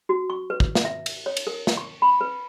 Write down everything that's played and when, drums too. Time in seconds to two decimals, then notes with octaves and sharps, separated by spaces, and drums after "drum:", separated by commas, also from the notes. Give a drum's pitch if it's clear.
0.09 F#4
0.30 C#6
0.50 B4
0.60 drum: kick
0.75 drum: snare
0.85 E5
1.06 drum: cymbal
1.26 C#5
1.37 drum: cymbal
1.47 A#4
1.67 drum: snare
1.77 C#6
2.02 B5
2.21 B4